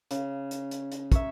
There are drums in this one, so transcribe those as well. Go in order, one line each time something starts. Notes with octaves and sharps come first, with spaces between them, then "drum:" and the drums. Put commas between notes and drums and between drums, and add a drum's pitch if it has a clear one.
C#3, drum: hi-hat
drum: hi-hat
drum: hi-hat
drum: hi-hat
C#5 E5, drum: kick, hi-hat